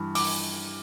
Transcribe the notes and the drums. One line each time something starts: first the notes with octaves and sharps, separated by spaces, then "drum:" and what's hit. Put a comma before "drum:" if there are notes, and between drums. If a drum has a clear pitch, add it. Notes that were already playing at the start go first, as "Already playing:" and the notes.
Already playing: G2 E3
D6, drum: open hi-hat